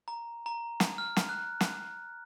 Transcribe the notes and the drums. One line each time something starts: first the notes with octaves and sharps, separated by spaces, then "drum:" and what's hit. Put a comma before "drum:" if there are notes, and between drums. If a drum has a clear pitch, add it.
A#5
A#5
drum: snare
F6
drum: snare
F#6
drum: snare